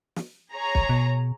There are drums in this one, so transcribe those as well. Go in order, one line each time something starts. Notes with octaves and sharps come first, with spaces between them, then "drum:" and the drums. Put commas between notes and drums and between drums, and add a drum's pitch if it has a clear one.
drum: snare
G#4 C#5 A#5
drum: kick
B2